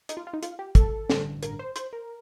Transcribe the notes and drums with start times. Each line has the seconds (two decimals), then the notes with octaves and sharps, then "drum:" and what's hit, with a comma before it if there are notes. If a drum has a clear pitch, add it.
0.09 D#4, drum: hi-hat
0.17 F4
0.27 F4
0.33 D#4
0.43 F4, drum: hi-hat
0.59 G4
0.75 A4, drum: kick, hi-hat
1.10 A1 G2 D3, drum: snare
1.43 A#4, drum: hi-hat
1.59 C5
1.76 C5, drum: hi-hat
1.93 A#4